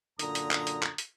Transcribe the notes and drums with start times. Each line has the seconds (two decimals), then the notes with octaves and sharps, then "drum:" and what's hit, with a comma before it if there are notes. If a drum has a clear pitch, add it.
0.19 F#2 A#2 D3 A#5 D#6, drum: hi-hat
0.35 drum: hi-hat
0.51 drum: clap
0.67 drum: hi-hat
0.83 drum: clap
0.98 drum: hi-hat